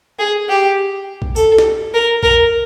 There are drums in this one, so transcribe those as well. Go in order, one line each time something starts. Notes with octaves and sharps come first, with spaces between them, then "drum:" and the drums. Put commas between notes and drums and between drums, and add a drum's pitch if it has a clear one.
G#4
G4
drum: kick A#1
A4, drum: tambourine
drum: snare
A#4
A#4, drum: kick A#1